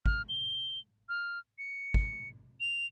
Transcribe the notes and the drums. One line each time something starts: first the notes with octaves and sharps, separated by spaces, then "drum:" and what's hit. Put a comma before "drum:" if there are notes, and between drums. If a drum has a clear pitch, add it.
F6, drum: kick
G7
F6
C#7
drum: kick
F7